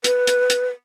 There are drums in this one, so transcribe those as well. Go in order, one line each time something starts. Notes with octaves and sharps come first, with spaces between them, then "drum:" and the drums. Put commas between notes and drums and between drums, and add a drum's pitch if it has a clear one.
B4, drum: hi-hat
drum: hi-hat
drum: hi-hat